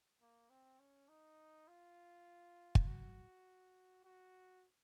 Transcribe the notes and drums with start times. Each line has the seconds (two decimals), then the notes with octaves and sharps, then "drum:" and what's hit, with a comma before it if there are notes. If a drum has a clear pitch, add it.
0.21 A#3
0.50 C4
0.79 C#4
1.09 D#4
1.68 F4
2.75 drum: kick
2.87 F#4
4.04 F#4